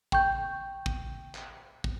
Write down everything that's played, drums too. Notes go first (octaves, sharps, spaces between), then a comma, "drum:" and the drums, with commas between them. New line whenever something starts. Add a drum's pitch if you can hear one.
G5 C#6 G6, drum: kick
drum: kick
drum: clap
drum: kick